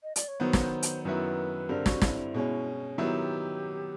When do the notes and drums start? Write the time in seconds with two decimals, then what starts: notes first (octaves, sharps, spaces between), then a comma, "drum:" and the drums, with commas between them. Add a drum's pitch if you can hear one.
0.03 D#5
0.16 D5, drum: hi-hat
0.28 C#5
0.40 D#3 F#3 B3 C5
0.53 drum: snare
0.83 drum: hi-hat
1.05 F#2 D#3 F#3 B3 E4 B4
1.69 G2 D3 G3 C4 A#4
1.86 F#4, drum: snare
2.02 E4, drum: snare
2.34 B2 G#3 C#4
2.98 D#3 F#3 B3 E4 G4